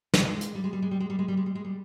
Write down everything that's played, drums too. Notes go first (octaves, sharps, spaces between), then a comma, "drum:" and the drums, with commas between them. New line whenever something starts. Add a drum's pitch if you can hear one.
G#3, drum: snare
drum: hi-hat
G3
G#3
G3
G#3
G3
G#3
G3
G#3
G3
G#3
G3
G#3
G3